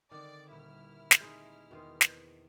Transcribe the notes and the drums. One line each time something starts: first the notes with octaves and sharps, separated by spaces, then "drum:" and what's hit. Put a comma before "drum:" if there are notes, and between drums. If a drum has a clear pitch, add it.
D3 D#3 C4 D5 D6
D#1 E4 F6
drum: snare
G#3 D#4
E2 B2 D#3 C5
drum: snare